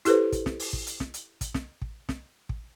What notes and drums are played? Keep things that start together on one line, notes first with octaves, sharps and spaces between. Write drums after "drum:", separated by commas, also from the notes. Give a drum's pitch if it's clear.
E4 G4 A4 B4 C5, drum: hi-hat
drum: kick, hi-hat
drum: snare
drum: open hi-hat
drum: kick
drum: hi-hat
drum: snare
drum: hi-hat
drum: kick, hi-hat
drum: snare
drum: kick
drum: snare
drum: kick